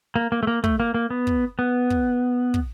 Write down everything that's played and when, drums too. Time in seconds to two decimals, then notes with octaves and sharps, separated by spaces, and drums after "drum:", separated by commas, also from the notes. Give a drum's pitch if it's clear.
0.16 A#3
0.32 A#3
0.43 A3
0.47 A#3
0.64 A3, drum: kick
0.80 A#3
0.94 A#3
1.10 B3
1.27 drum: kick
1.59 B3
1.90 drum: kick
2.54 drum: kick